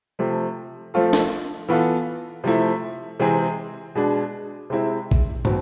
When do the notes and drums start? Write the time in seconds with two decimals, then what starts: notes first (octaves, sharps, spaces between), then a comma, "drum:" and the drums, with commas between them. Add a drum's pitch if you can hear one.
0.19 C3 F3 A3
0.94 F3 A3 C4 F4 A4
1.13 drum: snare
1.68 E3 B3 F4 A4
2.44 C3 F3 A3 E4
3.20 C3 E3 G#3 C4 G#4
3.95 B2 G#3 D4
4.70 C3 G#3 C4 E4
5.11 drum: kick A#1
5.45 B2 C4, drum: tom